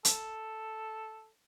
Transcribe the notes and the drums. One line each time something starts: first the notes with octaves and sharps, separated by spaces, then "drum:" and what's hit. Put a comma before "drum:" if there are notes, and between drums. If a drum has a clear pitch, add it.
A4, drum: hi-hat